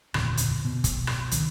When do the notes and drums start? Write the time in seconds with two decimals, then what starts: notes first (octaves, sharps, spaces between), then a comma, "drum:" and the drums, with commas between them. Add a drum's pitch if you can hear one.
0.14 F1 D#2 A#2 D3, drum: rim click
0.37 drum: hi-hat
0.65 B2
0.84 drum: kick, hi-hat
1.07 drum: rim click
1.31 C#2 D#3, drum: hi-hat